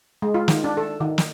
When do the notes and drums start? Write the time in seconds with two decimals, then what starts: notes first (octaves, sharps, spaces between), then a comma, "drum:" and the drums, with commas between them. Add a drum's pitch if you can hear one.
0.22 G#3
0.34 F4
0.48 D#3, drum: snare
0.64 D4
0.77 A4
1.01 D#3
1.18 drum: snare